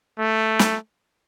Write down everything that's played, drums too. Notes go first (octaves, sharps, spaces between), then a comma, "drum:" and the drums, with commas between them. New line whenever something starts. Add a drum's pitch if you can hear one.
A3
drum: snare